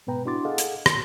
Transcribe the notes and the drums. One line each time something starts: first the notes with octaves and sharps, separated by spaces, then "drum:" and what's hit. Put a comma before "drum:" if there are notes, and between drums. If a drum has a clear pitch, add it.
G#2 B2 B3 B4 G5 A#5
D4 E4 F#4 C6 D6 A6
G#4 A4 D#5 F5 F#5
drum: hi-hat
C6 A6, drum: rim click